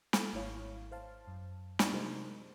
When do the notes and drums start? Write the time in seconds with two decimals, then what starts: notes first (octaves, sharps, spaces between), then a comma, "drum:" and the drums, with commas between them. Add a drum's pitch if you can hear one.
0.13 A4, drum: snare
0.33 G#1 E4 C#5 F5
0.91 C5 F5 A5
1.28 F#2
1.79 D4 D#4 G4 A5 A#5 C#6, drum: snare
1.93 C3 F#3 G#3 A#3 D#4 C5